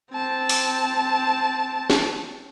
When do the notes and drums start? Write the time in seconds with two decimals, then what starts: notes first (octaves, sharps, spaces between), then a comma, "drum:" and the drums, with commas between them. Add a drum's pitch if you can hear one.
0.12 C4 A5
0.49 drum: open hi-hat
1.90 drum: snare